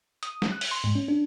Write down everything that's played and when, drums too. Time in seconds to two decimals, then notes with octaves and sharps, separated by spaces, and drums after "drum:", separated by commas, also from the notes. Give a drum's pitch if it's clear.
0.23 D#6, drum: hi-hat
0.42 drum: snare
0.52 F#6
0.61 drum: open hi-hat
0.71 C6
0.84 G#2
0.95 C#4
1.08 D4